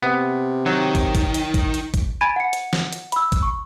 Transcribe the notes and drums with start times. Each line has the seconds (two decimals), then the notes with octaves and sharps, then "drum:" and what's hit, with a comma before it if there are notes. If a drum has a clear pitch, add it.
0.03 C3 B3
0.66 D#3 F#3
0.95 drum: kick, hi-hat
1.15 drum: kick, hi-hat
1.34 drum: hi-hat
1.54 drum: kick, hi-hat
1.74 drum: hi-hat
1.94 drum: kick, hi-hat
2.21 G#5 B5 G#6 A6 D7 D#7
2.36 F#5 C#7
2.53 drum: hi-hat
2.73 drum: snare
2.93 drum: hi-hat
3.12 B5 E6, drum: hi-hat
3.32 drum: kick, hi-hat
3.43 C#6